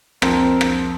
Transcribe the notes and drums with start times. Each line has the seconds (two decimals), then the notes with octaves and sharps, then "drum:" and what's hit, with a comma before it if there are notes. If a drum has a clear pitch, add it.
0.22 F2 C4 A#4, drum: rim click
0.61 drum: rim click